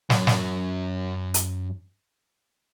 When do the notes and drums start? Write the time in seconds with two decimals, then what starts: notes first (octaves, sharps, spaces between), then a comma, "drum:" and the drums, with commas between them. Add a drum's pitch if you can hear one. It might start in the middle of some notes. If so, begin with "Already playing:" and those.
0.10 F#2 F#3, drum: snare
0.27 drum: snare
1.34 drum: hi-hat